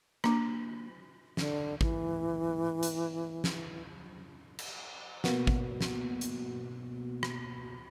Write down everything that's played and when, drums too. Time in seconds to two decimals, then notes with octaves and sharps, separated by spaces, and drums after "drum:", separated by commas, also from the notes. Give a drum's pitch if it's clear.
0.24 A#3 D4, drum: rim click
1.37 D3, drum: snare
1.81 E3, drum: kick
2.83 drum: hi-hat
3.44 drum: snare
4.59 drum: cymbal
5.24 B2 A#3 B3 F#4, drum: snare
5.47 drum: kick
5.81 drum: snare
6.21 drum: hi-hat
7.23 drum: rim click